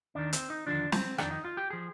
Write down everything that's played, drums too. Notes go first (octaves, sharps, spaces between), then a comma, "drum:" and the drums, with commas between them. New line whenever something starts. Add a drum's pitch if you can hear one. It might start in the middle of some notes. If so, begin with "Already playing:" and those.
D#2 D#3 D4
C4, drum: hi-hat
D#4
D#2 D3 F3 D4
C4, drum: snare
F2 D#3 D4, drum: rim click
D#4
F4
G4
F3 G#4